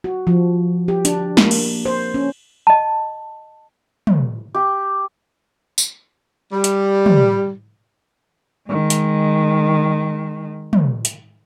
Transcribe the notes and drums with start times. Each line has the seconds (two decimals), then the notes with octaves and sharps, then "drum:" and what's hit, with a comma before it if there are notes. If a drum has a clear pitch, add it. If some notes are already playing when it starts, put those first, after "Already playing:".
0.04 F#4
0.27 F3
0.88 G4
1.05 D4, drum: hi-hat
1.37 A#3, drum: snare
1.51 drum: cymbal
1.85 C5
2.14 C#4
2.67 D#5 A5
4.07 drum: tom
4.54 G4
5.78 drum: tambourine
6.52 G3
6.64 drum: hi-hat
7.06 drum: tom
8.69 D#3 G#3
8.90 drum: hi-hat
10.73 drum: tom
11.05 drum: hi-hat